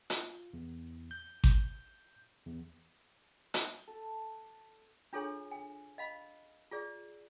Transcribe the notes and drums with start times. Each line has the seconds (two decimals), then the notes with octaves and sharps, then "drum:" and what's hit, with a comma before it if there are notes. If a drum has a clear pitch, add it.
0.10 F4, drum: hi-hat
0.53 E2
1.11 G6
1.44 G6, drum: kick G#1
2.46 E2
3.54 drum: hi-hat
3.87 A4
5.13 D4 F4 G#4 A4 C#5 G#5
5.51 G#5
5.98 D#5 F5 B5
6.71 F4 G#4 D5